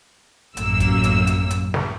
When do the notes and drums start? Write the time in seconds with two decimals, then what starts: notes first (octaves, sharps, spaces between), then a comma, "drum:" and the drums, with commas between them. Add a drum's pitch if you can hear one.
0.57 A1 F#2 A#3 E6, drum: hi-hat
0.80 drum: kick, hi-hat
1.04 drum: hi-hat
1.27 drum: hi-hat
1.51 drum: hi-hat
1.74 drum: snare